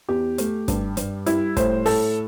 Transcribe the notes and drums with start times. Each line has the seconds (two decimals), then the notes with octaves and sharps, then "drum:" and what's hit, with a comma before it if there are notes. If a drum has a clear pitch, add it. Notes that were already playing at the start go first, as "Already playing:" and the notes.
0.09 E2 G4
0.38 A3, drum: hi-hat
0.68 G2, drum: kick, hi-hat
0.97 G2, drum: hi-hat
1.26 G3 E4, drum: hi-hat
1.57 A2 C5, drum: kick, hi-hat
1.86 A2 A4, drum: open hi-hat